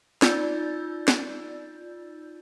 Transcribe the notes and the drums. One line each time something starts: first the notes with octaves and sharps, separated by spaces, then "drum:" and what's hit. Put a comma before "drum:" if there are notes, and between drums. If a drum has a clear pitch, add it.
D#4 F4 D5 E6 G6 A6, drum: snare
drum: snare